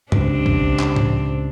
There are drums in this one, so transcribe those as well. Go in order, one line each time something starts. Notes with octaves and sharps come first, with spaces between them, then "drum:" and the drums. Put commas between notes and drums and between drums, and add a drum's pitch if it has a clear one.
C#2 C3 C4 D4, drum: tom
drum: kick
drum: clap
drum: tom A2